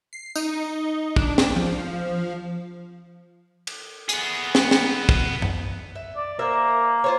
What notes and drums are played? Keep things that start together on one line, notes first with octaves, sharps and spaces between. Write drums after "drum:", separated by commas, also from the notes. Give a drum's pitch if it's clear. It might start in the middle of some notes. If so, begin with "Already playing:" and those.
C7
D#4, drum: tambourine
D4, drum: kick
drum: snare
F3
drum: cymbal
B3 G#4, drum: hi-hat
drum: snare
drum: snare
drum: kick
drum: tom F#2
E5
D5
A#3 A#4 C5 E5
F4 C5 C#5